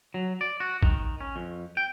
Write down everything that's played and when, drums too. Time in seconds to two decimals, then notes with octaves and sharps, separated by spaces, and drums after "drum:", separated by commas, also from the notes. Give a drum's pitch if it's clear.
0.14 F#3
0.41 D5
0.60 F#4
0.83 D#3, drum: kick A1
1.21 C#4
1.36 F2
1.77 G5